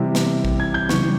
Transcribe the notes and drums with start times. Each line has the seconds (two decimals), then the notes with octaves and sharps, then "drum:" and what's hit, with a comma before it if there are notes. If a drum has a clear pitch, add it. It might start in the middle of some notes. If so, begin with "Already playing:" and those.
Already playing: C3 E3 G3
0.15 drum: snare
0.45 drum: kick
0.60 G#6
0.74 G6
0.89 C#3 E3 G3 C#6, drum: snare